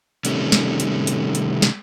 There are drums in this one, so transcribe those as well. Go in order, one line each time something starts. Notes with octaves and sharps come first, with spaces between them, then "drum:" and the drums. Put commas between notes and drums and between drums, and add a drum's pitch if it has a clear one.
C3 D#3 G3 A3 C#4, drum: hi-hat
drum: snare
drum: hi-hat
drum: hi-hat
drum: hi-hat
drum: snare